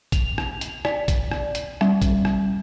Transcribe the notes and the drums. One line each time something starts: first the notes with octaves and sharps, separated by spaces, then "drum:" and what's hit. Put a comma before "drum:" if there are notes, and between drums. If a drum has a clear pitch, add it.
F7, drum: kick A1, hi-hat
drum: rim click
drum: hi-hat
D5, drum: rim click
drum: kick A1, hi-hat
drum: rim click
drum: hi-hat
G3, drum: rim click
drum: kick A1, hi-hat
drum: rim click